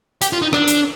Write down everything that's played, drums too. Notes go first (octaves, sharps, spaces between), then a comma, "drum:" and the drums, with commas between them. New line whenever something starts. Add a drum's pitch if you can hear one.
G4, drum: hi-hat
F4
D#4
D4, drum: rim click
drum: hi-hat